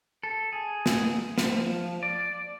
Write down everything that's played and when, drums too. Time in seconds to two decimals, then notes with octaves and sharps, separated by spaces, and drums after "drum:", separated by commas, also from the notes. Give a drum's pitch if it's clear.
0.23 A4
0.53 G#4
0.86 drum: snare
1.38 F3, drum: snare
2.03 D5